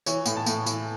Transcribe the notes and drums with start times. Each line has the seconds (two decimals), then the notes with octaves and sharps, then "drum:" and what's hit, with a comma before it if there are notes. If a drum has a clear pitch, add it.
0.06 E3 C#5, drum: tambourine
0.26 A2, drum: tambourine
0.37 A5
0.46 A2, drum: tambourine
0.66 E3, drum: tambourine